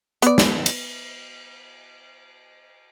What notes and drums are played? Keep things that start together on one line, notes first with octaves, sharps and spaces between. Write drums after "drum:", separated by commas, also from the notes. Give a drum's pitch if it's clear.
B3 D5, drum: hi-hat
drum: snare
drum: cymbal